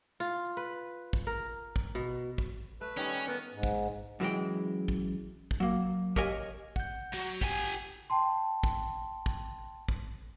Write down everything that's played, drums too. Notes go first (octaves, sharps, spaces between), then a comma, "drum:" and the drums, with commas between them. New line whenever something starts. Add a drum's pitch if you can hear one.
F4
B4
drum: kick
A#4
drum: kick
B2
drum: kick
A3 B4
D#3 G3 C#4 D#4
B3 A#4
G#2
drum: kick
F#2 E3 G#3 G5
drum: kick
drum: kick
F#3 A#3
G4 A#4 C#5 D#5 F5 G#5, drum: kick
F#5 G6, drum: kick
F#3
G4 G#5, drum: kick
G5 A5 C6
drum: kick
drum: kick
drum: kick